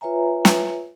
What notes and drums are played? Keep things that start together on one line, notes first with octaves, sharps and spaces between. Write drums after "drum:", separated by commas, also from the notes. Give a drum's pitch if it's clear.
F4 B4 C#5 E5 G#5 A#5
drum: snare